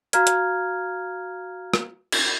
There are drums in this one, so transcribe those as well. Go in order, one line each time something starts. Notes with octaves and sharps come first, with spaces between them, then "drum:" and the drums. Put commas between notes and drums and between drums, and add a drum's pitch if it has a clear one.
F#4 F5 A#5 F6 G#6, drum: hi-hat
drum: hi-hat
drum: rim click
drum: cymbal